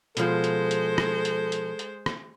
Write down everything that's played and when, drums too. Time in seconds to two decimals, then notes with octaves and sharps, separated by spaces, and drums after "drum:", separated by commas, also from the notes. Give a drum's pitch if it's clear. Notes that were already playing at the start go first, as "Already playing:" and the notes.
0.17 B2 F3 G#3 A4 C5, drum: hi-hat
0.44 drum: hi-hat
0.71 drum: hi-hat
0.98 drum: rim click
1.25 drum: hi-hat
1.52 drum: hi-hat
1.79 drum: hi-hat
2.06 drum: rim click